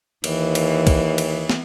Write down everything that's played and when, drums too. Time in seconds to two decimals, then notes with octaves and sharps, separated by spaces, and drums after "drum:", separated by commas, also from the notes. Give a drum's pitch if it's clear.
0.24 D#2 E3, drum: cymbal
0.55 drum: cymbal
0.87 drum: kick, cymbal
1.18 drum: cymbal
1.49 drum: snare